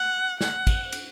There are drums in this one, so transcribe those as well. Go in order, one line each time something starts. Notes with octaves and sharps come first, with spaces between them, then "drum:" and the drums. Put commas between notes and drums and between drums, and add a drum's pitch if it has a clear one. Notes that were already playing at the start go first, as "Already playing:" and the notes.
Already playing: F#5
F#5, drum: snare
drum: kick, cymbal
drum: cymbal